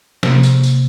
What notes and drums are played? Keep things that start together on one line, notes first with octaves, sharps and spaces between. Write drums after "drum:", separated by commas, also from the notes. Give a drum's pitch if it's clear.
C3 A#3, drum: snare
drum: tambourine
drum: tambourine